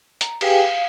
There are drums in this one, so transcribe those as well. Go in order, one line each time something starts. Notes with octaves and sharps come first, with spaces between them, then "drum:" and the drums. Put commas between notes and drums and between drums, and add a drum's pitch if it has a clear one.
A#5, drum: hi-hat
G4 G#4 B4 F5 G5 G#5, drum: cymbal
F5